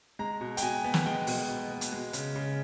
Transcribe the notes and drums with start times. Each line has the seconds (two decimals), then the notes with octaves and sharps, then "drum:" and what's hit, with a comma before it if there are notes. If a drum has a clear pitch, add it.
0.19 G#3 A#5
0.41 B2
0.57 G5, drum: hi-hat
0.62 B2 G#5
0.84 B3
0.94 drum: snare
1.05 G#3 G5
1.27 B2, drum: open hi-hat
1.49 B2
1.71 B3
1.81 drum: hi-hat
1.92 G#3
2.13 C#3, drum: hi-hat
2.36 C#3